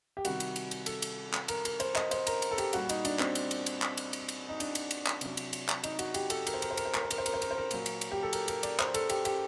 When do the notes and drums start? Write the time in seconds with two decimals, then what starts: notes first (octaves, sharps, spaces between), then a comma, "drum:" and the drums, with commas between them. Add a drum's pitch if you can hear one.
0.17 G4
0.25 C3 D#3 G3 F#4, drum: cymbal
0.40 drum: cymbal
0.56 drum: cymbal
0.71 drum: cymbal
0.86 A4, drum: cymbal
1.02 drum: cymbal
1.33 drum: clap
1.48 A#4, drum: cymbal
1.65 A#4, drum: cymbal
1.80 C5, drum: cymbal
1.95 D#5, drum: clap
2.11 C5, drum: cymbal
2.27 A#4, drum: cymbal
2.42 drum: cymbal
2.51 A4
2.58 G4, drum: cymbal
2.73 A#2 G3 F#4, drum: cymbal
2.89 D#4, drum: cymbal
3.05 D4, drum: cymbal
3.19 C4, drum: clap
3.35 drum: cymbal
3.51 drum: cymbal
3.66 drum: cymbal
3.82 drum: clap
3.97 drum: cymbal
4.13 drum: cymbal
4.29 drum: cymbal
4.49 D#4
4.60 D4, drum: cymbal
4.75 drum: cymbal
4.91 drum: cymbal
5.06 drum: clap
5.21 C3 F#3, drum: cymbal
5.37 drum: cymbal
5.53 drum: cymbal
5.68 drum: clap
5.84 D#4, drum: cymbal
5.99 F#4, drum: cymbal
6.14 G4, drum: cymbal
6.30 A4, drum: cymbal
6.47 A#4, drum: cymbal
6.54 C5
6.62 A#4, drum: cymbal
6.71 C5
6.77 A#4, drum: cymbal
6.85 C5
6.94 A#4, drum: clap
7.02 C5
7.11 A#4, drum: cymbal
7.18 C5
7.26 A#4, drum: cymbal
7.34 C5
7.42 A#4, drum: cymbal
7.51 C5
7.58 A#4
7.71 A#2 F#3, drum: cymbal
7.86 drum: cymbal
8.01 drum: cymbal
8.12 G4
8.23 A4
8.33 A#4, drum: cymbal
8.48 A#4, drum: cymbal
8.63 D5, drum: cymbal
8.79 C5, drum: clap
8.94 A4, drum: cymbal
9.09 G4, drum: cymbal
9.25 G4, drum: cymbal